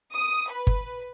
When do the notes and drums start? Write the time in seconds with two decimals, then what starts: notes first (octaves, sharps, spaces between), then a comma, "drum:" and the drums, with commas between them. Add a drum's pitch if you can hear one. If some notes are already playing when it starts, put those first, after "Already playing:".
0.11 D#6
0.50 B4
0.67 drum: kick G1